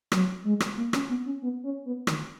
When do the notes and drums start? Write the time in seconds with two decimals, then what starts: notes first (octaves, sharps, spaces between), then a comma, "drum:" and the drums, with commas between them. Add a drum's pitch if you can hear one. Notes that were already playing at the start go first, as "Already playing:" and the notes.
0.12 F#3, drum: rim click
0.44 G#3
0.60 drum: rim click
0.77 A#3
0.93 C#4, drum: rim click
1.09 B3
1.26 C#4
1.42 B3
1.63 C#4
1.85 B3
2.07 D#3, drum: rim click